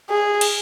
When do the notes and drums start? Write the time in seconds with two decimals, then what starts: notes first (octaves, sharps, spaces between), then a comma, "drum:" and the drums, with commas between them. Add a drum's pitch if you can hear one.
0.10 G#4
0.41 drum: cymbal